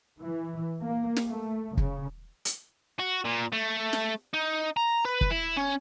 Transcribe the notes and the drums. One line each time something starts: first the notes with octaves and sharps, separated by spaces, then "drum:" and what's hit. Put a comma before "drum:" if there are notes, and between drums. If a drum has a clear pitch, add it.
E3
A#3
drum: snare
A3
C#3, drum: kick
drum: hi-hat
F#4
A#2
A3
drum: snare
D#4
A#5
B4
drum: kick
E4
C#4